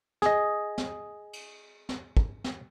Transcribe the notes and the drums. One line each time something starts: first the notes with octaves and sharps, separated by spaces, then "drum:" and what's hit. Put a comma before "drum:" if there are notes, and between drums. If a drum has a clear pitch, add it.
G#4 D#5, drum: snare
drum: snare
drum: cymbal
drum: snare
drum: kick
drum: snare